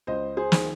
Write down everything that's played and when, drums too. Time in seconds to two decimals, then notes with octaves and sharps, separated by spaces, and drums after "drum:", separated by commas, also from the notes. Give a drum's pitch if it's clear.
0.07 C#2 C5 D#5
0.37 G#4 C5
0.52 D#3, drum: snare